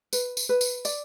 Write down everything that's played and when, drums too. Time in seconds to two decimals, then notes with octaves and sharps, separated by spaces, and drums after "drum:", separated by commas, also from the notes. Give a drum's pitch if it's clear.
0.13 B4, drum: tambourine
0.37 drum: tambourine
0.49 B4
0.61 drum: tambourine
0.85 D5, drum: tambourine